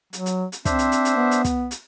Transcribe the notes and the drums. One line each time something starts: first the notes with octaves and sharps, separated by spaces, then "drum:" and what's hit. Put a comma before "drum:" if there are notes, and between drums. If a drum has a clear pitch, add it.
F#3, drum: hi-hat
drum: hi-hat
drum: hi-hat
C4 D4 C5 E5, drum: kick, hi-hat
drum: hi-hat
drum: hi-hat
drum: hi-hat
B3
drum: hi-hat
drum: kick, hi-hat
drum: hi-hat